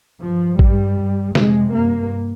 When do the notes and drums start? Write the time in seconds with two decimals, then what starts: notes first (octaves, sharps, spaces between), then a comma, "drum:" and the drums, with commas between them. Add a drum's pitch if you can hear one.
0.21 G2 F3
0.59 G2 G3, drum: kick
0.98 G2
1.35 F2 C3 G#3, drum: snare
1.73 G2 A#3